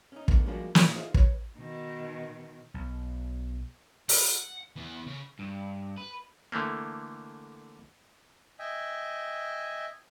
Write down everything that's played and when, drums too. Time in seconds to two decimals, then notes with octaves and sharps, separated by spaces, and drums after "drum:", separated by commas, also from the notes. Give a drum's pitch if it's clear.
0.12 C#4 D#4
0.28 D#3 A3 B3 D4, drum: kick
0.46 F3 G3 G#3 A#3 D4 F#4
0.75 A#2 D3, drum: snare
0.95 D#4 F4 G#4 C5 E5
1.14 B4 C#5, drum: kick
1.58 B2 D#3
2.74 B1
4.09 F#5, drum: open hi-hat
4.76 E3 B3
5.07 C#3
5.39 G2
5.98 B4
6.52 D3 E3 A3 A#3
8.59 D#5 E5 G5 G#5